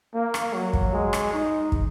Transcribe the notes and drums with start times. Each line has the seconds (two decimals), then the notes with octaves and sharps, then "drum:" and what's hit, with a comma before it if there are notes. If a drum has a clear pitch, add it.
0.14 A#3
0.34 drum: rim click
0.53 F#3
0.73 drum: kick
0.93 G#3
1.13 drum: rim click
1.33 D#4
1.72 drum: kick